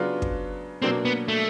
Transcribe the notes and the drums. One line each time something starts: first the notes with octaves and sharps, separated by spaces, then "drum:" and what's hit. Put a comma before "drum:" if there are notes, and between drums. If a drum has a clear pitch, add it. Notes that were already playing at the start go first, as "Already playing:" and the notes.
Already playing: C#3 F#3 B3 D4 F4
drum: kick
B2 F#3 A#3 C4 D4
B3
A3